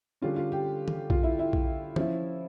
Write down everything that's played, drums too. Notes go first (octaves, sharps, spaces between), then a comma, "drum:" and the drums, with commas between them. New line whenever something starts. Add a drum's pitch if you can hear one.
D3 G3 C#4 F4
F4
G4
drum: tom
F4, drum: kick A#1
E4
E4
drum: kick A#1
F3 C#4 E4, drum: tom